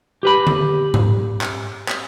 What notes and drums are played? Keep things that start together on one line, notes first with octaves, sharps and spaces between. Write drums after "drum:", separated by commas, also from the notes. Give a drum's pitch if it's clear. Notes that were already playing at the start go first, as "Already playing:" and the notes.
G4 B4 B5
drum: tom D3
drum: tom G#2
drum: clap
drum: clap